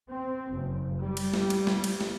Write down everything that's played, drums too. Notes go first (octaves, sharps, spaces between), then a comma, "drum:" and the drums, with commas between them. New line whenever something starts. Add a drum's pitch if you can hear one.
C4
F#1
G3
drum: cymbal
drum: snare
drum: cymbal
drum: snare
drum: cymbal
drum: snare